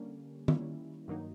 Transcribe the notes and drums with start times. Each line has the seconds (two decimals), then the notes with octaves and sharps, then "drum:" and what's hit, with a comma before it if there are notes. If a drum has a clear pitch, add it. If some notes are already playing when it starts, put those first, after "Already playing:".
Already playing: D3 G3 A#3 C#4
0.48 D#3 G3 A#3 C#4 E4, drum: tom D#3
1.08 G2 D#3 F#3 A#3 D#4